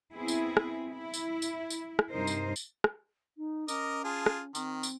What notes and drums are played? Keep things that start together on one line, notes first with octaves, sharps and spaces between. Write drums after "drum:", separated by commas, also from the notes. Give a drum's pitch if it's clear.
B3 C4 E4 G#4
drum: tambourine
drum: rim click
E4
drum: tambourine
drum: tambourine
drum: tambourine
drum: rim click
G2 C3 D#4 A#4 C5
drum: tambourine
drum: tambourine
drum: rim click
D#4
C#4 A#4 D#5 D6, drum: tambourine
F4 G#4 A5
drum: rim click
D#3 C4, drum: tambourine
drum: tambourine